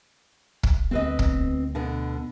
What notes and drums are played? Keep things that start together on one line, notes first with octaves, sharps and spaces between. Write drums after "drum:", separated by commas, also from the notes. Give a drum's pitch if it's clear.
drum: kick
D2 B3 C4 B4 D#5
drum: kick
B2 D3